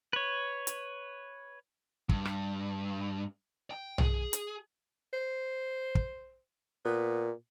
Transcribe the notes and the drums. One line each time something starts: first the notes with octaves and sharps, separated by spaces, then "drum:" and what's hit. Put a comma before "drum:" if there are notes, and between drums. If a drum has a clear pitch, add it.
B4 C#5
drum: hi-hat
G2, drum: kick
drum: rim click
G5
G#4, drum: tom B1
drum: hi-hat
C5
drum: kick
A#2 B3